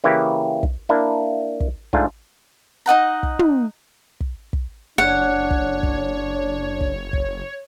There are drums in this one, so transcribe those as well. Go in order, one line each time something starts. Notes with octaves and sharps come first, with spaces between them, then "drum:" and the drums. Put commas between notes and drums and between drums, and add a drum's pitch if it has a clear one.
C#3 E3 A#3 E4 G4
drum: kick
A#3 D4 E4
drum: kick
G#2 A3 D4 F4, drum: kick
D#4 D#5 F#5 A#5
drum: kick
drum: tom
drum: kick
drum: kick
F#1 D4 C#5 F#5
drum: kick
drum: kick
drum: kick
drum: kick